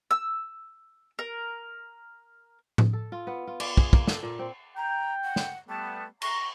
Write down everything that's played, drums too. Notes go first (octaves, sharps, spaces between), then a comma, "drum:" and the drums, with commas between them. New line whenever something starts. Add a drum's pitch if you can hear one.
E6
A#4
drum: tom A2
A4
F4
B3
F4
D5, drum: cymbal
G#4, drum: kick
A#3, drum: kick
A4, drum: snare
A#2
C4
G5 A#5
F#5
drum: snare
G3 A3 B3 A5
A#5 C#6, drum: cymbal